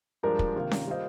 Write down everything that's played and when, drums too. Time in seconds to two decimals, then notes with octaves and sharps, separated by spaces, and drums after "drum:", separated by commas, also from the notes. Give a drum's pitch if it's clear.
0.23 G2 F3 G#3 D4 G4 A#4
0.39 drum: kick
0.56 C3 D#3 A#3 F4
0.71 drum: snare C#4
0.87 G3 A#3 F4 C5 D#5